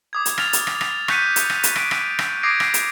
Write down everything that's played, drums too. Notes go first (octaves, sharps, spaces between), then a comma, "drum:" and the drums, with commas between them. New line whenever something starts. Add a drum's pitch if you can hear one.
D6 D#6 G#6
drum: hi-hat
F6 A6 F7, drum: rim click
drum: hi-hat
drum: rim click
drum: rim click
C#6 F#6 G6 B6 C#7 D#7, drum: rim click
drum: hi-hat
drum: rim click
drum: hi-hat
D7, drum: rim click
drum: rim click
drum: rim click
D6 D#6 G#6 A#6 C7 D7
drum: rim click
drum: hi-hat